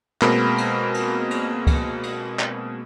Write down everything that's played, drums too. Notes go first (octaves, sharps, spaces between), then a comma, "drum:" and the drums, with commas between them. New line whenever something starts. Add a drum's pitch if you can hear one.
B2 G#3 A#3 C4 A#4 B5, drum: clap
drum: cymbal
drum: cymbal
drum: cymbal
drum: kick C#2, cymbal
drum: cymbal
drum: clap